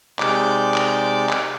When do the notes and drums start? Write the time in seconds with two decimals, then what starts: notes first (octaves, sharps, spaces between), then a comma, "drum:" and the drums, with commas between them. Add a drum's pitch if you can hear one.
0.19 C3 G#3 D#4 D5 D6 G6, drum: clap
0.74 drum: clap
1.29 drum: clap